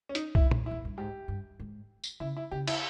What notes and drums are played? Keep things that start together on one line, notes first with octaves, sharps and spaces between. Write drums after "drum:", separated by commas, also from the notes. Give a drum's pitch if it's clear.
C#4
D#4, drum: hi-hat
E4, drum: kick B1
drum: tom A#2
E4
E2
G2
G#2 G4
G2
G#2
drum: tambourine
C#3 E4
E4
C#3 G4
E4, drum: cymbal